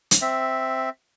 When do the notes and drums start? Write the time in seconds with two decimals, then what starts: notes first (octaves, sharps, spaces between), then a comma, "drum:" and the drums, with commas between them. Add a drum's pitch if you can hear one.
0.11 drum: hi-hat
0.21 C4 E5